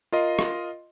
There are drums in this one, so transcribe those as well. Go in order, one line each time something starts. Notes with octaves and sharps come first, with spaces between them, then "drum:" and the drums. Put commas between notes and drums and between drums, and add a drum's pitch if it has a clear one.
F4 A#4 D#5 C6
drum: rim click